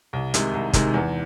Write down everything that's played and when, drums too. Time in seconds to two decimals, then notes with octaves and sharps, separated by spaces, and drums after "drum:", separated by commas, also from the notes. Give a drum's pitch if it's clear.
0.13 C2
0.34 C3 D#3 G#3 D#4, drum: hi-hat
0.54 C2
0.73 C3 D#3 G#3 D#4, drum: kick, hi-hat
0.94 E2